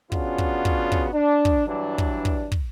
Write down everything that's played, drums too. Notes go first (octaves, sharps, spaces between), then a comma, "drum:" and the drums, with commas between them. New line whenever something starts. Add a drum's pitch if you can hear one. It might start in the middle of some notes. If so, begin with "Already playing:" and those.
C#3 B3 C#4 D4 F4 F#4, drum: kick
drum: kick
drum: kick
drum: kick
D4
drum: kick
G2 E3 F#3 D4
drum: kick
drum: kick
drum: kick